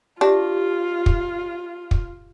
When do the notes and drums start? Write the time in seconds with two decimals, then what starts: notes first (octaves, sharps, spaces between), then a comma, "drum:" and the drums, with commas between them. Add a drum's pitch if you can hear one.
0.21 D4 F4 G4 E5
1.06 drum: kick
1.91 drum: kick